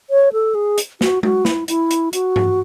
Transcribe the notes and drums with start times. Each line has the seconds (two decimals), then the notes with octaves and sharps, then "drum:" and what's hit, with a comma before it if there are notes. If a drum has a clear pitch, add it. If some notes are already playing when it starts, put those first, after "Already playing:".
0.10 C#5
0.33 A4
0.55 G#4
0.78 drum: hi-hat
1.01 F#4, drum: snare
1.23 F#4, drum: tom G#3
1.45 E4, drum: snare
1.68 E4, drum: hi-hat
1.91 drum: hi-hat
2.13 F#4, drum: hi-hat
2.36 drum: tom G2